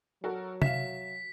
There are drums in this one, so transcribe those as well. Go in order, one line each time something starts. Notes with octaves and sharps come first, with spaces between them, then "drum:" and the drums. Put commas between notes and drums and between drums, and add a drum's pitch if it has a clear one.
F#3 F#4 A4 A#4
E5 F5 B6 E7, drum: tom C3